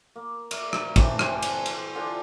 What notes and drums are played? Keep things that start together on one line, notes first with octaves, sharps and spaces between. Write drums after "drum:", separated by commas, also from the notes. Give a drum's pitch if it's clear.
A#3
A#4 D5 E5, drum: cymbal
drum: rim click
E3 A3 C4 D4, drum: kick, cymbal
C4 C5 F#5 G#5, drum: rim click
drum: cymbal
drum: cymbal
D3 F4 G4 G#4